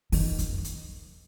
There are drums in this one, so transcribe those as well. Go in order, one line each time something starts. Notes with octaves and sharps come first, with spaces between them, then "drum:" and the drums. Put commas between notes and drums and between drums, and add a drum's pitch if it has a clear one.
D#3, drum: open hi-hat
drum: kick F2, hi-hat
drum: hi-hat